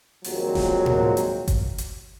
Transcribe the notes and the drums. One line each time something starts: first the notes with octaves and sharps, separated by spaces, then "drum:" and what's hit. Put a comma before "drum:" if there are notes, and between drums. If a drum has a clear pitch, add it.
D#2 A#2 F3 F#3 G#3 C4, drum: open hi-hat
drum: snare D#1
drum: tom A2
drum: hi-hat
drum: kick G1, hi-hat
drum: hi-hat